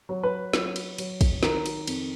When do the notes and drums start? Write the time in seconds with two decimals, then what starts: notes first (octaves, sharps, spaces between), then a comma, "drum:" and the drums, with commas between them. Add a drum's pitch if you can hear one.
0.09 F#3
0.23 B4
0.53 F#3, drum: snare
0.76 drum: cymbal
0.98 F#3, drum: cymbal
1.21 drum: kick, cymbal
1.43 D#3 A#4, drum: snare
1.66 drum: cymbal
1.87 F2, drum: cymbal